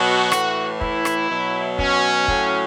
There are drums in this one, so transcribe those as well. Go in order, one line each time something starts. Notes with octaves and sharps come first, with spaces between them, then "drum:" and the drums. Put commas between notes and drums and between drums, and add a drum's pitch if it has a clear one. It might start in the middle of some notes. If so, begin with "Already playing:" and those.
Already playing: B2 F#3 F#4
A2 E3, drum: rim click
E4, drum: kick
drum: rim click
B2 F#3
C#4, drum: kick
A2 F#3, drum: kick